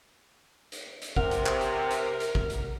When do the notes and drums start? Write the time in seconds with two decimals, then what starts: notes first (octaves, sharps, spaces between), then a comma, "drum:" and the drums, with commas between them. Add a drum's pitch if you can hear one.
0.72 drum: hi-hat
1.02 drum: hi-hat
1.16 C3 A#4 F#5, drum: kick
1.31 drum: hi-hat
1.46 drum: clap
1.61 drum: hi-hat
1.91 drum: hi-hat
2.20 drum: hi-hat
2.35 drum: kick
2.50 drum: hi-hat